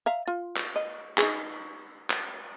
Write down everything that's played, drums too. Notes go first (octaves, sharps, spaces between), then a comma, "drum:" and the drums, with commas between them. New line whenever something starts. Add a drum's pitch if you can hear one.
E5 F5 A#5
F4
drum: clap
D#5
D#4 G#4, drum: clap
drum: clap